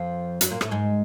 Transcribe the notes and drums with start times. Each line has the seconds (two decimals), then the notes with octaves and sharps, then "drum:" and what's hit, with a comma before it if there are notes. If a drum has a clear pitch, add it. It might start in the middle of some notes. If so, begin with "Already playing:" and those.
Already playing: F2 F3
0.41 F#2 F#3, drum: hi-hat
0.51 A#2 A#3
0.61 A2 A3, drum: rim click
0.71 G#2 G#3